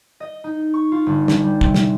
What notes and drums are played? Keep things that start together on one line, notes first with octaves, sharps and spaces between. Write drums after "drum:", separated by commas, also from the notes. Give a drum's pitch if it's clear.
D#5
D#4
C#6
F4
G1
drum: snare
G3
C3, drum: kick
drum: snare